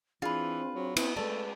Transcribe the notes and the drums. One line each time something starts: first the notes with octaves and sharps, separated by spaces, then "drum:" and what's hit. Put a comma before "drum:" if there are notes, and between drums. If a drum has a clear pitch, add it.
E3 C4 D4 F4 G#4 B4
F#3
B3 E4, drum: cymbal
G#3 A3 B4 D5 A5